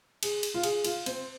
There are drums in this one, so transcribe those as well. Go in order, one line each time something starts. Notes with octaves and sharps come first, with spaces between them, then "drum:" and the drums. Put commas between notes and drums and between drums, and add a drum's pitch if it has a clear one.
G#4, drum: cymbal
drum: cymbal
F4
G#4, drum: cymbal
F4, drum: cymbal
C4, drum: cymbal